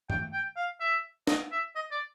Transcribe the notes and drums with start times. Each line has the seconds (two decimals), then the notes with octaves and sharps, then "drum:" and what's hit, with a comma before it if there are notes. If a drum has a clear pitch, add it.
0.10 G5, drum: tom G2
0.33 G5
0.56 F5
0.80 E5
1.27 D#5, drum: snare
1.51 E5
1.75 D#5
1.91 D5